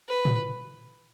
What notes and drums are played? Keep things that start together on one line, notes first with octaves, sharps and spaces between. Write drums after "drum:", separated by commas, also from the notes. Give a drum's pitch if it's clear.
B4
drum: tom A2